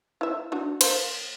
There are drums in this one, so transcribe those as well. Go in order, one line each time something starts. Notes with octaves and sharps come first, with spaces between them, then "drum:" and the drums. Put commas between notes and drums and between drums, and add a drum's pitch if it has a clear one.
E4 E5
D4 F#4
A#3 C5, drum: cymbal